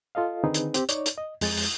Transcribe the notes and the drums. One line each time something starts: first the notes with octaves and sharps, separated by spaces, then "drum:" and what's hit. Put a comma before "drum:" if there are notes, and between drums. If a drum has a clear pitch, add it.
F4 A4 D#5 F5
D3 D#3 C4 D#4 G#4 B4
drum: hi-hat
C4 G4, drum: hi-hat
D#4 C#5 D5, drum: hi-hat
drum: hi-hat
D#5
F2 G#3 A6, drum: open hi-hat
drum: open hi-hat